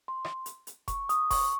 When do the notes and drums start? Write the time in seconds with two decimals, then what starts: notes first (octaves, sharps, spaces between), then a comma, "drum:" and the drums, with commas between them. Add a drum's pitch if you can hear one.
0.08 C6
0.25 drum: rim click
0.46 drum: hi-hat
0.67 drum: hi-hat
0.88 C#6, drum: kick F1, hi-hat
1.09 D#6, drum: hi-hat
1.31 C#6, drum: kick F1, open hi-hat